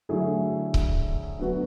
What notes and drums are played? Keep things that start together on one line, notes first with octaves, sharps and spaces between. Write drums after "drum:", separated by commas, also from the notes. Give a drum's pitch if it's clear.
D3 F#3 A3 E4 G#4
drum: kick C#1
D2 D3 F#3 B3 F#4